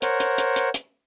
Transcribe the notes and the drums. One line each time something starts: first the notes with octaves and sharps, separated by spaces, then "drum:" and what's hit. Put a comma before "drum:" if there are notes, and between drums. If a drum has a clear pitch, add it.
A#4 C5 C#5 F#5, drum: hi-hat
drum: hi-hat
drum: hi-hat
drum: hi-hat
drum: hi-hat